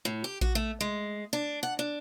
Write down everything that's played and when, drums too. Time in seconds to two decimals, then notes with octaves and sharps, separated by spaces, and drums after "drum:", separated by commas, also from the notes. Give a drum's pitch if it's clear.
0.05 A2
0.24 G4
0.41 F#4, drum: kick A#1
0.55 A3
0.81 G#3
1.33 D4
1.63 F#5
1.79 D4